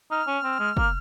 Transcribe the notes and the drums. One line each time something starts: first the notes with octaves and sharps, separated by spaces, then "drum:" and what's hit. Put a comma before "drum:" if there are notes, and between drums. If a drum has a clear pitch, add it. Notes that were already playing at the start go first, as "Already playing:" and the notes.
D#4 F6
C#4
C4
G#3
A#3, drum: kick